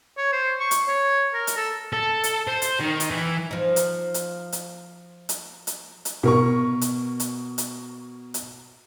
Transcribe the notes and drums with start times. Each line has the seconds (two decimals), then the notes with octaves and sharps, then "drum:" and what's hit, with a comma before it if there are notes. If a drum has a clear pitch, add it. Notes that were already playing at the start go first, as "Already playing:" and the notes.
0.17 C#5
0.33 C5
0.60 C#6
0.71 drum: hi-hat
0.88 C#5
1.34 A#4
1.47 drum: hi-hat
1.57 A4
1.93 A4
2.24 drum: hi-hat
2.48 C5
2.62 drum: hi-hat
2.80 D#3
3.00 drum: hi-hat
3.11 E3
3.51 F3 D#4
3.76 drum: hi-hat
4.14 drum: hi-hat
4.52 drum: hi-hat
5.29 drum: hi-hat
5.67 drum: hi-hat
6.05 drum: hi-hat
6.23 B2 A#4 C#6
6.81 drum: hi-hat
7.20 drum: hi-hat
7.58 drum: hi-hat
8.34 drum: hi-hat